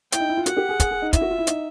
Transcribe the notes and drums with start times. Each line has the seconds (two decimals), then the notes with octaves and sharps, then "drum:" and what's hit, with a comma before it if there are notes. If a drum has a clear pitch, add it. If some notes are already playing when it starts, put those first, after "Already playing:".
0.12 E4 G5, drum: hi-hat
0.20 D#4
0.29 E4
0.37 F4
0.46 F#4 F#5, drum: hi-hat
0.57 G4
0.69 G#4
0.80 G#4, drum: kick, hi-hat
0.91 G#4
1.02 D#4
1.13 E4 E5, drum: kick, hi-hat
1.21 F#4
1.31 F4
1.38 E4
1.47 D#4, drum: hi-hat